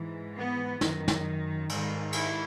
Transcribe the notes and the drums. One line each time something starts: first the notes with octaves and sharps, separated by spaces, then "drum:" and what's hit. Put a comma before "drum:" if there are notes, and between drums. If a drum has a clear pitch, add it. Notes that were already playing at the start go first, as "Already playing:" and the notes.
Already playing: G#2 E3
B3
F#2 D#3, drum: snare
drum: snare
G#2 D#3, drum: cymbal
E4, drum: cymbal